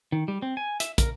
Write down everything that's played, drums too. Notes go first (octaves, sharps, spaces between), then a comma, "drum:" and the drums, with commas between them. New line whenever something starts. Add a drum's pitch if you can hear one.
D#3
G3
C4
G#5
E5, drum: hi-hat
A#4, drum: kick, hi-hat